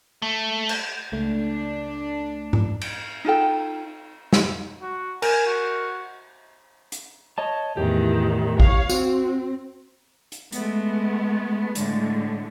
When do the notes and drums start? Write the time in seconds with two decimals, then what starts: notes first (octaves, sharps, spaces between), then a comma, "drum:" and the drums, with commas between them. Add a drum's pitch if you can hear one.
0.22 A3
0.69 drum: cymbal
1.12 C#2 A3 D4
2.53 drum: tom G#2
2.81 drum: cymbal
3.25 D#4 F4 A4 G5
4.33 drum: snare
4.81 F#4
5.22 A#4 G#5, drum: cymbal
5.47 F#4
6.92 drum: hi-hat
7.38 C#5 D#5 A5
7.77 E2 A2 D#3 G4
8.60 C#5 F5, drum: kick A1
8.89 C4 F#4, drum: tambourine
10.32 drum: hi-hat
10.52 G#3 A3 B3, drum: hi-hat
11.75 A2 D3 G#3 A3, drum: hi-hat